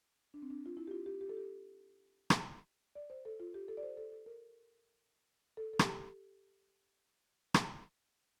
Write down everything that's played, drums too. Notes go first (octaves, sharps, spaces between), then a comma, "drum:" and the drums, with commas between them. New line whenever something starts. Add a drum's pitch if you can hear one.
D4
C4
D4
F4
E4
G4
F4
G4
G4
A4
G4
drum: rim click
D5
C5
A4
F4
G4
A4
D5
C5
A4
A4
A#4
A4
A4
G4, drum: rim click
drum: rim click